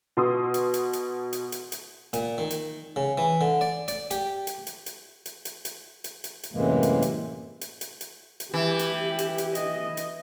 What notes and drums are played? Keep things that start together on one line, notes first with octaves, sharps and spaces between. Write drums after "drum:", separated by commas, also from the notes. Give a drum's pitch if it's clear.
B2 C6 D#6
drum: hi-hat
drum: hi-hat
drum: hi-hat
drum: hi-hat
drum: hi-hat
drum: hi-hat
A#2, drum: hi-hat
D#3
drum: hi-hat
C#3
E3
D3
D5
D5, drum: hi-hat
G4, drum: hi-hat
drum: hi-hat
drum: hi-hat
drum: hi-hat
drum: hi-hat
drum: hi-hat
drum: hi-hat
drum: hi-hat
drum: hi-hat
drum: hi-hat
F#2 A2 C3 E3 G#3 A#3
drum: hi-hat
drum: hi-hat
drum: hi-hat
drum: hi-hat
drum: hi-hat
drum: hi-hat
E3 G4
drum: hi-hat
drum: hi-hat
drum: hi-hat
D#5, drum: hi-hat
drum: hi-hat